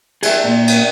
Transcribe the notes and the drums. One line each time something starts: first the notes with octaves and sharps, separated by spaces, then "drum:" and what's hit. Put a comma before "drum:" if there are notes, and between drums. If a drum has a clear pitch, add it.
G#4 E5, drum: cymbal
A#2
drum: cymbal